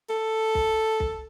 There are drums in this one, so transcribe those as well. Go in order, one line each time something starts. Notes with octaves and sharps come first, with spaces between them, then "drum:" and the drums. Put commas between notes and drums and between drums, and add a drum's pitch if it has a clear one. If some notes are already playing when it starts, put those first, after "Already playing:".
A4
drum: kick
drum: kick